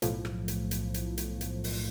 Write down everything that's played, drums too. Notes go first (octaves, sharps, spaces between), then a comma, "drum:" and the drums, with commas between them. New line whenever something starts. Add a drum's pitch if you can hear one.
B1 A2 F3, drum: hi-hat
drum: rim click
drum: hi-hat
drum: hi-hat
drum: hi-hat
drum: hi-hat
drum: hi-hat
drum: open hi-hat